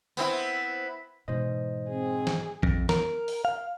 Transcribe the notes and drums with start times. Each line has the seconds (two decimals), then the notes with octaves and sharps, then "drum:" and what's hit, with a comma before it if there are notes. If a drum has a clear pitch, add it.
0.17 B3 C4 E4, drum: tambourine
1.28 G#2 B2 E3 C5 D#5
1.90 C4 G#4
2.27 drum: snare
2.63 F2, drum: kick A#1
2.89 A#4, drum: snare
3.28 drum: open hi-hat
3.45 F5